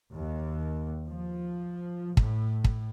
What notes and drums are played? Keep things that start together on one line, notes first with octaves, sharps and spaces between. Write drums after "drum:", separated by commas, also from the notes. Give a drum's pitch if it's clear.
D#2
F3
A2, drum: kick
drum: kick